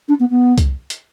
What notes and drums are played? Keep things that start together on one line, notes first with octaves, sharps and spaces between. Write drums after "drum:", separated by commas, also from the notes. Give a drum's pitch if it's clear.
D4
B3
B3
drum: kick C2, hi-hat
drum: hi-hat